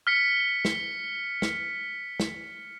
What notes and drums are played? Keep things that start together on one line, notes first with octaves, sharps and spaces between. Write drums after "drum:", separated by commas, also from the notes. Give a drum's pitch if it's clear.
F6 B6 C#7
drum: snare
drum: snare
drum: snare